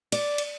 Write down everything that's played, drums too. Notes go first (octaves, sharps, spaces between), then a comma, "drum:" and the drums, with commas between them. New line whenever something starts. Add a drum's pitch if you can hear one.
D5, drum: cymbal
drum: cymbal